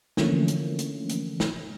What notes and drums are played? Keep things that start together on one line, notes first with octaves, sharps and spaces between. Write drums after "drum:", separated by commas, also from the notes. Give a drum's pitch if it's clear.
D3 E3 F3 A3 A#3 C#4, drum: snare
drum: hi-hat
drum: hi-hat
drum: hi-hat
drum: snare